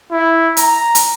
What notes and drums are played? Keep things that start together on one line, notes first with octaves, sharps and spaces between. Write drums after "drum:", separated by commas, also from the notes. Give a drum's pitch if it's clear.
E4
A#5, drum: hi-hat
drum: hi-hat